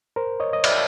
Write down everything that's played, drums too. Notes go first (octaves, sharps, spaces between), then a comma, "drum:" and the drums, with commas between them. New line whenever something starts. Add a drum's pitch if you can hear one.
A#4 C5
C#5 D#5
D#5
D5 E5, drum: cymbal